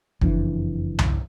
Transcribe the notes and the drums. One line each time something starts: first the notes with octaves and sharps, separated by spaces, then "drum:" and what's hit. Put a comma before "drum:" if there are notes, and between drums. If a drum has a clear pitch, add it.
F#1 F2 E3 D4, drum: kick
drum: tom C2